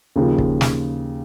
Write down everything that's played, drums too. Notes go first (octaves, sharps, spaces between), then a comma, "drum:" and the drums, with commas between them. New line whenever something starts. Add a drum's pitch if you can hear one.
D#2 C#3 F3
drum: kick
drum: snare